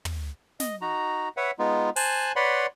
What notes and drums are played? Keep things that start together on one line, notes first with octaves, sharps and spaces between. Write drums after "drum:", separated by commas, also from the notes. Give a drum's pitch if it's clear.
drum: tom
D#5, drum: snare
D#4 F#4 A#5
B4 C#5 E5 F#5
G#3 B3 D#4 F4
C5 G#5 A5 F#6, drum: open hi-hat
B4 C#5 D5 F#5 B5 C6